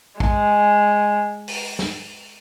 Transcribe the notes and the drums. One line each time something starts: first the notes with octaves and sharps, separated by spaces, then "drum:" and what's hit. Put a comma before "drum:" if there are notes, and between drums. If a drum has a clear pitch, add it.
G#3, drum: kick
drum: open hi-hat
drum: snare